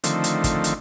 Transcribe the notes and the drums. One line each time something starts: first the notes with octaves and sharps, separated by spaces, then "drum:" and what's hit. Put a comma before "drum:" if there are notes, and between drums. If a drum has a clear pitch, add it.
D3 D#3 F3 A3 C4, drum: hi-hat
drum: hi-hat
drum: kick, hi-hat
drum: hi-hat